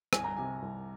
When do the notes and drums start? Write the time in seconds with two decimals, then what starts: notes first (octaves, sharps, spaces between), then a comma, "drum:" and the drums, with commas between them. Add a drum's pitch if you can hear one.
0.13 C2 G#5, drum: rim click
0.24 A#5
0.36 C3 G#5
0.63 C2